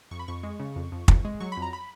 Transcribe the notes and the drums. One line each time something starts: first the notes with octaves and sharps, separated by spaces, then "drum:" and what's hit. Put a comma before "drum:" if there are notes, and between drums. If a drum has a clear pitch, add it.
F2 C#6
B5
F2 C#6
G#3
C#3
F2
F2
F2, drum: kick
G#3
F#3 C#6
B5
F2
A#5
B5